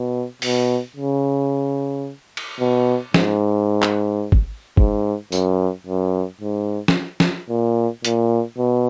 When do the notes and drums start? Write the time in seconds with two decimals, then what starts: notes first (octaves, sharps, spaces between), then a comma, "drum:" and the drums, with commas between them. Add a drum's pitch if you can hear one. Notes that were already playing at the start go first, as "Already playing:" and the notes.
Already playing: B2
0.42 B2, drum: open hi-hat
0.97 C#3
2.37 drum: cymbal
2.60 B2
3.14 G#2, drum: snare
3.82 drum: clap
4.32 drum: kick
4.77 G#2, drum: kick
5.32 F#2, drum: tambourine
5.87 F#2
6.41 G#2
6.88 drum: snare
7.20 drum: snare
7.50 A#2
8.05 A#2, drum: hi-hat
8.58 B2